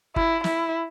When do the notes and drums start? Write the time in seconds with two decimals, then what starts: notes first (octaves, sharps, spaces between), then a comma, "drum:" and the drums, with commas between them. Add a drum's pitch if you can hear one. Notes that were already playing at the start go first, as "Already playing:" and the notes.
0.16 E4, drum: kick G1
0.44 E4, drum: snare